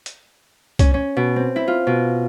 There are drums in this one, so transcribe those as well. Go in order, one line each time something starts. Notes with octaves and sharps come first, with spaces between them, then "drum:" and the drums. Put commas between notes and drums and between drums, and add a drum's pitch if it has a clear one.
drum: hi-hat
C#4, drum: kick, hi-hat
C#4
B2
C4
E4
F4
B2